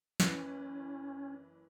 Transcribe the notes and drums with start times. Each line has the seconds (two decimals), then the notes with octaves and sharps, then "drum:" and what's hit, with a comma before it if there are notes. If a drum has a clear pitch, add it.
0.20 F#1 E3 C#4 B4, drum: snare